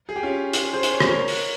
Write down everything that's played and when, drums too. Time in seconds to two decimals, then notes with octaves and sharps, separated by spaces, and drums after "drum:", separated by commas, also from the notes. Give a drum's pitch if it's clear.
0.09 G#4
0.16 G4
0.23 C#4 F4
0.53 F4 G#4, drum: hi-hat
0.73 G#4 C5
0.83 drum: hi-hat
0.93 C#5
1.00 C5, drum: rim click
1.08 A#4 C#5
1.28 drum: open hi-hat